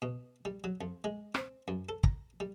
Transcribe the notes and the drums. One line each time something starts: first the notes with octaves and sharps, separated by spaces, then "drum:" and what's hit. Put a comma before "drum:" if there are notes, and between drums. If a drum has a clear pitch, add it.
B2
G3
F#3
F2
G#3
C4, drum: rim click
F#2
A4
A#5, drum: kick
G3